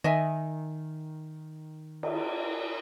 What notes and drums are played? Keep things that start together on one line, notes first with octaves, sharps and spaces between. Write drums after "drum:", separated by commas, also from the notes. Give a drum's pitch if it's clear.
D#3 D#5 E5 G#5
drum: cymbal